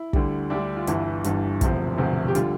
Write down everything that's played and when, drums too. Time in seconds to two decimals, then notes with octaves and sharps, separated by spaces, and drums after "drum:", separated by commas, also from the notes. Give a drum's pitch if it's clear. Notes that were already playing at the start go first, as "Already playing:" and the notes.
Already playing: E4
0.13 D2 D3 G3, drum: kick
0.50 D2 D3 G3 D4
0.77 F4
0.87 G1 G2 E3 E4, drum: hi-hat
1.24 G1 G2 E3, drum: hi-hat
1.61 E1 D2 C3 F3, drum: kick, hi-hat
1.98 E1 D2 C3 F3
2.28 G4
2.35 D3 G3 F4, drum: hi-hat